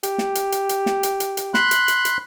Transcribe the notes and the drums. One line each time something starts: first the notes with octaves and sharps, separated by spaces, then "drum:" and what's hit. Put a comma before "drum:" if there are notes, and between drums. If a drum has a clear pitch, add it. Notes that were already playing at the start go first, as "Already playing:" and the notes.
G4, drum: hi-hat
drum: snare
drum: hi-hat
drum: hi-hat
drum: hi-hat
drum: snare
drum: hi-hat
drum: hi-hat
drum: hi-hat
B5 C6 F#6, drum: snare
drum: hi-hat
drum: hi-hat
drum: hi-hat